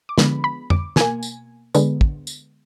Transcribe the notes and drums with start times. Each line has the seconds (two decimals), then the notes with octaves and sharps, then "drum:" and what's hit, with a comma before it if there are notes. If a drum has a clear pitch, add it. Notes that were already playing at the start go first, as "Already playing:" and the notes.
0.09 D6
0.18 D3 F3 G#3 B3 B5, drum: snare
0.44 B5
0.70 D6, drum: tom F2
0.96 B2 A#3 G#5, drum: snare
1.23 drum: tambourine
1.75 D3 G#3 B3, drum: tambourine
2.01 drum: kick
2.27 drum: tambourine